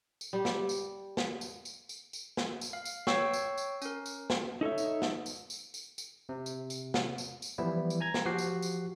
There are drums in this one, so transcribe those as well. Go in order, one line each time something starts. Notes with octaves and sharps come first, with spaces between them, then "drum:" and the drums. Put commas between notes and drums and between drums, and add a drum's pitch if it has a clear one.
drum: tambourine
G3 G4
drum: snare
drum: tambourine
drum: snare
drum: tambourine
drum: tambourine
drum: tambourine
drum: tambourine
drum: snare
drum: tambourine
F5
drum: tambourine
C#5 G5 C#6 E6 C7, drum: snare
drum: tambourine
drum: tambourine
C#4 A#4, drum: tambourine
drum: tambourine
drum: snare
D#4 A4 C#5 E5
drum: tambourine
drum: snare
drum: tambourine
drum: tambourine
drum: tambourine
drum: tambourine
C3
drum: tambourine
drum: tambourine
drum: snare
drum: tambourine
drum: tambourine
E3 F3 G3 B3 E4
drum: tambourine
G#5 A#5 G#6
drum: snare
F3 F#4 G4 F#6 C7
drum: tambourine
drum: tambourine